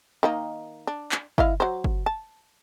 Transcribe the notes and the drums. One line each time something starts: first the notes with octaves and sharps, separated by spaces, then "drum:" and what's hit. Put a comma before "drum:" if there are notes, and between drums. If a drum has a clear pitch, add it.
D#3 A#3 D#4
D4
drum: clap
E4 D#5 F5, drum: kick
F#3 C5
drum: kick
A5